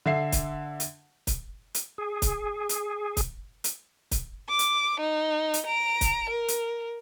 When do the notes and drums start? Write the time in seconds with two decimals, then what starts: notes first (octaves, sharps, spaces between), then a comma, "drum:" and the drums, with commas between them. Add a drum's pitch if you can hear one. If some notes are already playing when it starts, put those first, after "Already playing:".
0.06 D3 E5 C7
0.32 drum: kick C#1, hi-hat
0.80 drum: hi-hat
1.27 drum: kick C#1, hi-hat
1.74 drum: hi-hat
1.98 G#4
2.22 drum: kick C#1, hi-hat
2.69 drum: hi-hat
3.17 drum: kick C#1, hi-hat
3.64 drum: hi-hat
4.11 drum: kick C#1, hi-hat
4.49 D6
4.59 drum: hi-hat
5.00 D#4
5.54 drum: hi-hat
5.67 A#5 D7
6.01 drum: kick C#1, hi-hat
6.30 A#4
6.48 drum: hi-hat